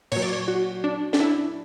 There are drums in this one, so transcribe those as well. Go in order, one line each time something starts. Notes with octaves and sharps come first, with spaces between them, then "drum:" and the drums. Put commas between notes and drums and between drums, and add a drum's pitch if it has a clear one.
A#2 F#3 C#5, drum: cymbal
D5
C#5
F#4
D4
D4, drum: snare
E4